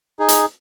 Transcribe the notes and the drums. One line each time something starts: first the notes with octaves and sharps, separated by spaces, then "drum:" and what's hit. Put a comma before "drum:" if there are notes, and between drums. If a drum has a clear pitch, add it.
D#4 G#4
drum: hi-hat